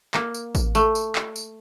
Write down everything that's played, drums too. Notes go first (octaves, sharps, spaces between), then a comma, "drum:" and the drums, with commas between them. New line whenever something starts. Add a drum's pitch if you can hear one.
A#3, drum: clap
drum: tambourine
drum: kick A1, tambourine
A3, drum: tambourine
drum: tambourine
drum: clap
drum: tambourine